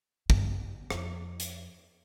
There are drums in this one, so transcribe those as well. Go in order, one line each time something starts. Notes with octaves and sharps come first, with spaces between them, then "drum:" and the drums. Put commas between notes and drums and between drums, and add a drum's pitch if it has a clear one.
G2, drum: kick
F2, drum: rim click
drum: hi-hat